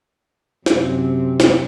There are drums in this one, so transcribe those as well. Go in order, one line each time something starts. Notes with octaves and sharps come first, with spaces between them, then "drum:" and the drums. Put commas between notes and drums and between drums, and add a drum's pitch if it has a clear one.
F#2 C3 C4, drum: snare
drum: snare